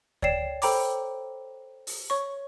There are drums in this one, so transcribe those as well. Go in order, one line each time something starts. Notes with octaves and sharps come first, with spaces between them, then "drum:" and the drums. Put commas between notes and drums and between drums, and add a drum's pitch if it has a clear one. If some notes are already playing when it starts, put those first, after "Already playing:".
C#5 D5 G5 C7 E7, drum: kick D2
A4 C5 G5 A#5 B5 D6, drum: open hi-hat
drum: open hi-hat
C#5 C#6